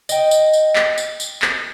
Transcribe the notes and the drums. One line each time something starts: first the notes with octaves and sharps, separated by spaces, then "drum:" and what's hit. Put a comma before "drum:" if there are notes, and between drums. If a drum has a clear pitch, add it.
D#5 G5, drum: tambourine
drum: tambourine
drum: tambourine
drum: clap
drum: tambourine
drum: tambourine
drum: clap